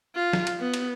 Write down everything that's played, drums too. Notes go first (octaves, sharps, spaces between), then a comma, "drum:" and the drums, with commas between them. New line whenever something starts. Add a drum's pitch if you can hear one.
F4
drum: snare
drum: cymbal
B3
drum: cymbal